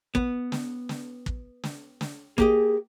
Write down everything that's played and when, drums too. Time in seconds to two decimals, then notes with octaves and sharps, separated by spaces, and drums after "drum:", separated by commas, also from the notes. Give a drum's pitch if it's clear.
0.15 B3, drum: kick
0.52 drum: snare
0.89 drum: snare
1.26 drum: kick
1.64 drum: snare
2.01 drum: snare
2.38 A#3 G4 G#4 D#5, drum: kick